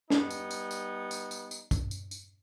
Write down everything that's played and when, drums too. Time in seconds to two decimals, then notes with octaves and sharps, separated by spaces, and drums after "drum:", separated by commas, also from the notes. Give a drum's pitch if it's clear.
0.10 G3 B3 D#4, drum: snare
0.31 drum: tambourine
0.51 drum: tambourine
0.71 drum: tambourine
1.11 drum: tambourine
1.31 drum: tambourine
1.51 drum: tambourine
1.71 drum: kick, tambourine
1.91 drum: tambourine
2.11 drum: tambourine